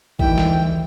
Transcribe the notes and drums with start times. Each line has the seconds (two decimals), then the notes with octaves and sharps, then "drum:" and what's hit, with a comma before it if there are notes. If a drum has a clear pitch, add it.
0.19 D2 D#3 E3 G3 E4 G5, drum: kick A1
0.38 drum: snare